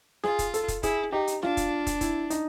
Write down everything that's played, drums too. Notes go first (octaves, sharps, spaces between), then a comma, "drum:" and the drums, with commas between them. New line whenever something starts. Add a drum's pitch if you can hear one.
F4 G#4, drum: snare
drum: kick, hi-hat
A4, drum: hi-hat
drum: kick, hi-hat
E4 G#4, drum: kick, hi-hat
D#4 G4
drum: hi-hat
D4 F4, drum: snare
drum: kick, hi-hat
drum: kick, hi-hat
E4, drum: kick, hi-hat
D#4, drum: hi-hat